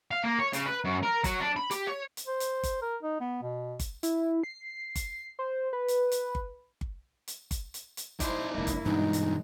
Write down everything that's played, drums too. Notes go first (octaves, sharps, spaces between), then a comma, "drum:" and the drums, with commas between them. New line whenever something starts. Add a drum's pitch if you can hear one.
F5
A#3
C#5
C#3, drum: hi-hat
B4
F#2
A#4
F#3, drum: kick G1, hi-hat
D4
B5
G4, drum: hi-hat
C#5
drum: hi-hat
C5
drum: hi-hat
drum: kick G1, hi-hat
A#4
D#4
B3
B2
drum: kick G1, hi-hat
E4, drum: hi-hat
C7
drum: kick G1, hi-hat
C5
B4
drum: hi-hat
drum: hi-hat
drum: kick G1
drum: kick G1
drum: hi-hat
drum: kick G1, hi-hat
drum: hi-hat
drum: hi-hat
D#4 E4 C5 D5, drum: kick G1, hi-hat
F1 G#3 A#3 E4
drum: kick G1, hi-hat
B1 E2 G2 G#3 D4 D#4
drum: hi-hat